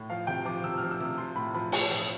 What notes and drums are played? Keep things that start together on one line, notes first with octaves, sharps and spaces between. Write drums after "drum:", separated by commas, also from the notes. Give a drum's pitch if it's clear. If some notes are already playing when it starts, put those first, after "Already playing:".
Already playing: A2
F3 F5
C3 G5
F3 D6
C3 E6
F3 F6
E6
C3
E6
F3 C6
A2 B5
F3 B5
A2 A5, drum: open hi-hat
F3